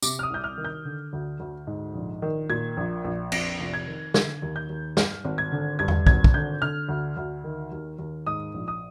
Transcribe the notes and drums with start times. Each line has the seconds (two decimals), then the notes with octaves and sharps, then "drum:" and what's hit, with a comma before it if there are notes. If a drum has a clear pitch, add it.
0.02 C3 D6, drum: tambourine
0.19 F6
0.23 D#6
0.30 C2 G6
0.44 F6
0.58 D#3
0.65 G6
0.85 D3
1.13 D2
1.40 D2
1.67 G#2
1.95 A#1
2.22 D#3
2.50 A#2 G#6
2.77 A#1
3.04 A#1
3.32 F2 A#6, drum: cymbal
3.60 F1
3.74 G#6
3.87 D#3
4.14 D3 G#6, drum: snare
4.42 D#2
4.56 G6
4.69 D#2
4.97 G2 F6, drum: snare
5.24 G#1
5.38 G#6
5.52 D3
5.79 G2 G#6
5.88 drum: tom E2
6.07 G#1 G#6, drum: kick
6.24 drum: kick
6.34 D3 G6
6.62 D3 F6
6.89 D2
7.17 D2
7.44 D#3
7.72 D#2
7.99 D#2
8.27 G#2 D#6
8.54 A#1
8.68 D#6